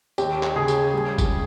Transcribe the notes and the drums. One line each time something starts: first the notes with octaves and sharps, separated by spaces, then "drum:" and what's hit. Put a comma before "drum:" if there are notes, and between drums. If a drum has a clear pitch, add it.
D#2 G4, drum: tambourine
drum: clap
C#3 G#4
drum: tambourine
G3
drum: kick, tambourine